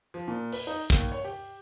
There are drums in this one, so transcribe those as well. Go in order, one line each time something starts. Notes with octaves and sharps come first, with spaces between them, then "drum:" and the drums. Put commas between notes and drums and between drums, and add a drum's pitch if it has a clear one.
F3
A#2
B4, drum: open hi-hat
D#4
D#2, drum: kick
C#5
G4